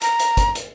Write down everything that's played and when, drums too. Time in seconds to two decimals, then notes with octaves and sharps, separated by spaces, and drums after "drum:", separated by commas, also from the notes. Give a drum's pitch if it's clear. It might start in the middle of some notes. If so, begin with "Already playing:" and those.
0.01 A#5, drum: hi-hat
0.19 drum: hi-hat
0.37 drum: kick, hi-hat
0.55 drum: hi-hat